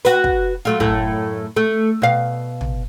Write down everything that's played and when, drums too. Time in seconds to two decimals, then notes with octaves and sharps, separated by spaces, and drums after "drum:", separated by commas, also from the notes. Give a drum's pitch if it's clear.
0.05 F#4 B4, drum: hi-hat
0.24 drum: kick
0.65 F#3 A3 F4
0.80 F#2 A2 A3, drum: kick
1.56 A3
2.02 B2 F5
2.61 drum: tom